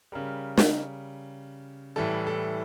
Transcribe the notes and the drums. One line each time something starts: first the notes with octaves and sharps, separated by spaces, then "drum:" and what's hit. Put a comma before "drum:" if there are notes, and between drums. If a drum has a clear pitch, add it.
C#3 G3 A#4
drum: snare
A2 E3 G3 A4
A4